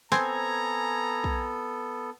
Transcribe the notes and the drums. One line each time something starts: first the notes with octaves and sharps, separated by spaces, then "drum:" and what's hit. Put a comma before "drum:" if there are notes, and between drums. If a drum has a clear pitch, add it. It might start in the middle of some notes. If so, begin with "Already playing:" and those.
B3 C4 A4 G#5 A#5 G#6, drum: snare
drum: kick